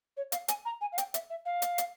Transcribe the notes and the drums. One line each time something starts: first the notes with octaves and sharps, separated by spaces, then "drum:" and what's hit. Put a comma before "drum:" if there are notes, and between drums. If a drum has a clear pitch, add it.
C#5
F5, drum: hi-hat
G#5, drum: hi-hat
A#5
G#5
F5
G5, drum: hi-hat
E5, drum: hi-hat
E5
F5
drum: hi-hat
drum: hi-hat